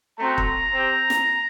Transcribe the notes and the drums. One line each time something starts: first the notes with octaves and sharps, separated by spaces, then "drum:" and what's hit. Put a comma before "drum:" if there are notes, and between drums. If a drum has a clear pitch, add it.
A3 C4 F#4 A#5
drum: kick
C4 G4
drum: snare